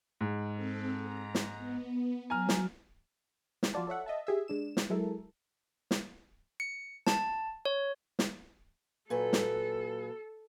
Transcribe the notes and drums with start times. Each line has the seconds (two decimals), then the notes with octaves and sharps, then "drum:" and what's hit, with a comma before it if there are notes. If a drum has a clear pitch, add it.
0.21 G#2
0.56 C4 A4
1.01 A#5
1.35 drum: snare
1.57 B3
2.30 F#3 G#5 A#5 F6
2.49 drum: snare
3.63 drum: snare
3.74 F3 F4 F#4 D5 A5
3.87 A4 C#5 E5 F#5
4.06 D#5 E5 A5
4.27 G4 G#4 E5
4.48 G#3 D4 E7
4.77 drum: snare
4.90 F#3 G#3 E4 A4 A#4
5.91 drum: snare
6.60 C#7
7.07 A5, drum: snare
7.65 C#5
8.19 drum: snare
9.10 A#2 F#3 A4 B4
9.33 drum: snare